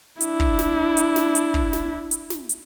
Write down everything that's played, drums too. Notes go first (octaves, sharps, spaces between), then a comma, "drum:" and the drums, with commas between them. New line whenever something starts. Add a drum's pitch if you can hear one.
D4 E4, drum: hi-hat
drum: kick
drum: snare
drum: hi-hat
drum: snare
drum: hi-hat
drum: kick
drum: snare
drum: hi-hat
drum: snare
drum: hi-hat